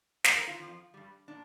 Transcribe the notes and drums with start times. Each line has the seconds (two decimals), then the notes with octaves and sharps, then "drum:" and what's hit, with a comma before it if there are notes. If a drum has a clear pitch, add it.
0.24 F3 F5, drum: snare
0.28 G2 C5
0.35 A#4
0.47 F4
0.59 F2 F3
0.94 G2 G3
1.28 A#2 D4